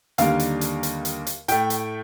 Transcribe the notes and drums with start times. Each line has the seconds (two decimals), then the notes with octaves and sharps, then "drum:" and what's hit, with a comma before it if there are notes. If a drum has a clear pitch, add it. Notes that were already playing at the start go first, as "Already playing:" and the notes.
0.18 D#2 D3 G3 A#3 F5, drum: hi-hat
0.39 drum: hi-hat
0.61 drum: hi-hat
0.83 drum: hi-hat
1.05 drum: hi-hat
1.27 drum: hi-hat
1.48 A2 A3 G5, drum: hi-hat
1.70 drum: hi-hat